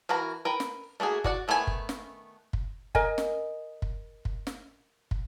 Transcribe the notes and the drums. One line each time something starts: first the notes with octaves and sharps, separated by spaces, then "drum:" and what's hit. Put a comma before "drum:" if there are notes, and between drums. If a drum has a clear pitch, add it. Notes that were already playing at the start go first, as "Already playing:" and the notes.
E3 F#4 A#4 A#5
A#4 B4 G5
drum: snare
A3 A#3 F#4 G#4
F#4 D5 F#5, drum: kick
D#3 A3 B3 D4 G#5
drum: kick
drum: snare
drum: kick
A#4 D#5 G#5, drum: kick
drum: snare
drum: kick
drum: kick
drum: snare
drum: kick